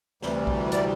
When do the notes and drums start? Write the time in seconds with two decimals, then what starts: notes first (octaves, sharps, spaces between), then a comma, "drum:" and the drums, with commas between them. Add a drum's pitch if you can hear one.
0.22 D2 C3 E3 G3, drum: snare
0.47 drum: kick A#1
0.72 D5, drum: hi-hat